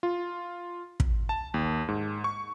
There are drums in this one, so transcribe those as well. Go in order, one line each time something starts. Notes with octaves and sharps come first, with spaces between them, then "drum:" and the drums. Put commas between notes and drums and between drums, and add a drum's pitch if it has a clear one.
F4
drum: kick
A5
D#2
G#2
C#6